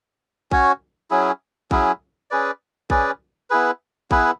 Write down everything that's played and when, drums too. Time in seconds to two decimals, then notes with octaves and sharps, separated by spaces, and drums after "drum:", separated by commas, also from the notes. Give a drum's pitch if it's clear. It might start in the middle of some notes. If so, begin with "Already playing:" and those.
0.51 C#4 F#4 C#5, drum: kick
1.11 F#3 C#4 E4 G#4
1.71 F#3 C#4 E4 G#4, drum: kick
2.31 C#4 G#4 B4 D5
2.90 C#4 G#4 B4 D5, drum: kick
3.50 B3 E4 G#4 B4
4.11 B3 E4 G#4 B4, drum: kick